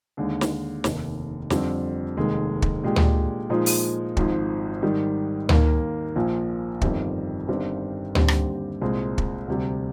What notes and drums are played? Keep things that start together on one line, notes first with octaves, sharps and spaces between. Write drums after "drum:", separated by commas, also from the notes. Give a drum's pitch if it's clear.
D#2 D3 G#3
drum: snare
F1 D#2 D#3, drum: snare
F2 D3 G3 C4, drum: snare
F1 D#2 D#3 G#3
drum: kick
A#2 G#3 D4 G4
drum: tom D2
A#2 F3 G#3 D#4
drum: open hi-hat
G#1 G#2 F3, drum: kick
G#2 D#3 G3
D#2 D#3 A#3, drum: tom D2
A#1 A#2 F3
G1 F2 D#3 G3, drum: kick
G1 G2 D#3 G3 C4
D#2 D3 G3 C4 G4, drum: tom D2
drum: rim click
C2 A#2 G#3 C4
drum: kick
D2 C3 G3